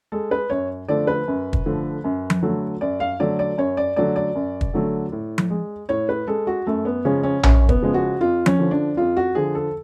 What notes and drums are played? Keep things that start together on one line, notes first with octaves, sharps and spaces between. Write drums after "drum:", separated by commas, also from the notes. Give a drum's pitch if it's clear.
G#3 A4
B4
F#2 C#5
D3 F3 A3 D5
B4
F#2
drum: kick
D3 F3 A3
F#2
drum: tom F3
D3 F#3 A3
F#2 D5
F5
D3 F#3 A3 D5
D5
F#2 C#5
D5
D3 F#3 A3 D5
D5
F#2
drum: kick
D3 F#3 A3
A2
drum: tom F3
G#3
A2 C#5
B4
G#3 A4
F#4
F#2 A3
B3
C#3 F3 G#3 C#4
C#4
F#2 C#4, drum: tom A#1
B3, drum: kick
C#3 F3 G#3
F#4
F2 F4
C#4, drum: tom F3
D3 F3
D4
F2 F4
F#4
D3 F3 G#4
A4